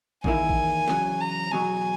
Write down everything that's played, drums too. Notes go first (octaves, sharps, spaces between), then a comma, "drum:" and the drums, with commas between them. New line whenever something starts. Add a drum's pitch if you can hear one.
E2 D#3 A#3 E4 G#5, drum: kick A1
drum: kick A1
E2 C#3 F#3, drum: snare
A#5
E2 B2 F#3 G#5